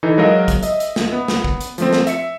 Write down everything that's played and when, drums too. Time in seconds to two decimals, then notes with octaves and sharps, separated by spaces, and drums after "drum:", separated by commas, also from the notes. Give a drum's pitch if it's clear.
0.03 E3 D#4 A4
0.18 F#3 G#3 A#4 D#5 F5
0.48 drum: kick, hi-hat
0.63 D#5 E5, drum: hi-hat
0.80 drum: hi-hat
0.96 drum: snare
1.12 B3
1.28 drum: snare
1.44 drum: kick
1.61 drum: hi-hat
1.78 F3 A3 C4, drum: hi-hat
1.93 drum: snare
2.07 E5 C#7, drum: hi-hat